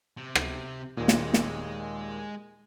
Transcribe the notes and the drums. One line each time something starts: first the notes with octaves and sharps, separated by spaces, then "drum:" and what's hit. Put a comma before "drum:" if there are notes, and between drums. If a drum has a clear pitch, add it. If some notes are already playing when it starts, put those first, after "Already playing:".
C3
drum: rim click
D#2 A#2 G#3
drum: snare
drum: snare